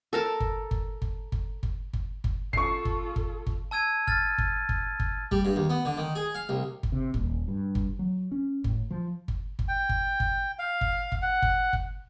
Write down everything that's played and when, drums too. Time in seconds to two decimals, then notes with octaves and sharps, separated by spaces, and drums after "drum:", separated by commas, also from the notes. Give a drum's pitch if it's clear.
0.13 A4 A#4 A5
0.40 drum: kick G1
0.71 drum: kick G1
1.02 drum: kick G1
1.32 drum: kick G1
1.63 drum: kick G1
1.93 drum: kick G1
2.24 drum: kick G1
2.53 F4 A4 C#6 C7, drum: kick G1
2.85 drum: kick G1
3.16 drum: kick G1
3.46 drum: kick G1
3.71 A5 E6 G#6 D#7
4.07 F6 A6, drum: kick G1
4.38 drum: kick G1
4.69 drum: kick G1
5.00 drum: kick G1
5.32 G3, drum: kick G1
5.45 G2
5.56 D#2
5.70 B3
5.85 D3
5.98 D#3
6.15 G#4
6.35 F5
6.49 C2
6.83 drum: kick G1
6.92 C3
7.14 D#1, drum: kick G1
7.48 G2
7.75 drum: kick G1
7.99 F#3
8.32 C#4
8.64 A2, drum: kick G1
8.91 F3
9.28 drum: kick G1
9.59 drum: kick G1
9.68 G5
9.89 drum: kick G1
10.20 drum: kick G1
10.59 F5
10.81 drum: kick G1
11.12 drum: kick G1
11.22 F#5
11.42 drum: kick G1
11.73 drum: kick G1